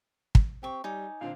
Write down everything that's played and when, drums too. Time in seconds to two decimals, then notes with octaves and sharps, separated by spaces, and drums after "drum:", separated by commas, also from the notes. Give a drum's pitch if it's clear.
0.35 drum: kick
0.63 C4 G4 C#6
0.84 G3 D#4 C#5 G#5 D6
1.21 A#2 D3 C4 F5